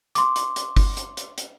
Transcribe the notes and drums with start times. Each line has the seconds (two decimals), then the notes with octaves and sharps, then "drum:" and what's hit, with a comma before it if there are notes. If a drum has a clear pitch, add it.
0.15 C6 D6, drum: hi-hat
0.36 drum: hi-hat
0.56 drum: hi-hat
0.77 drum: kick G1, open hi-hat
0.97 drum: hi-hat
1.17 drum: hi-hat
1.38 drum: hi-hat